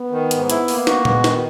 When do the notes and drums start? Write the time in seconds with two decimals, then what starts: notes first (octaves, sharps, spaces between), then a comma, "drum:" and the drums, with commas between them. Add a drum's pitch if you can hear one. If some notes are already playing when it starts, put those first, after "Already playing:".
Already playing: B3
0.11 D#3
0.31 G#2, drum: hi-hat
0.50 E4, drum: hi-hat
0.68 A#3, drum: open hi-hat
0.87 F#4, drum: snare
1.05 G#3 B3, drum: tom A#2
1.24 D#3, drum: snare